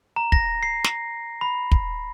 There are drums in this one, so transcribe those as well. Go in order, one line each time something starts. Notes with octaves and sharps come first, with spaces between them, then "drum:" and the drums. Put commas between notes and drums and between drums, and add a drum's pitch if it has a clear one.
A#5
A#6, drum: kick
C7
drum: snare
B5
drum: kick